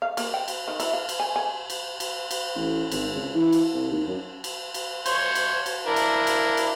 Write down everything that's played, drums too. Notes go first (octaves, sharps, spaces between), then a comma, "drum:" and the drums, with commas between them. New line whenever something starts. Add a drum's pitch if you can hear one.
F5
A#3, drum: cymbal
G5
drum: cymbal
D#3
E4, drum: cymbal
F5
drum: cymbal
G#5
G#5
drum: cymbal
drum: cymbal
drum: cymbal
A1
G#1, drum: cymbal
C#2
E3
drum: cymbal
C2
D#2
F#2
drum: cymbal
drum: cymbal
C5 C#5, drum: cymbal
drum: cymbal
drum: cymbal
D4 E4 A#4
drum: cymbal
drum: cymbal
drum: cymbal